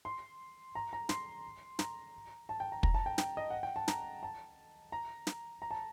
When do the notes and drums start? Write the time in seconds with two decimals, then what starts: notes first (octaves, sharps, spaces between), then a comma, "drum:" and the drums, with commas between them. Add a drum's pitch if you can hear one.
0.05 C6
0.75 A#5
0.93 A#5
1.09 C6, drum: snare
1.79 A#5, drum: snare
2.49 A5
2.60 G5
2.72 A#5
2.83 A#5, drum: kick
2.94 A5
3.06 G5
3.18 G5, drum: snare
3.37 D#5
3.50 F#5
3.63 G5
3.76 A5
3.88 A#5, drum: snare
4.23 A5
4.92 A#5
5.27 drum: snare
5.62 A#5
5.71 A5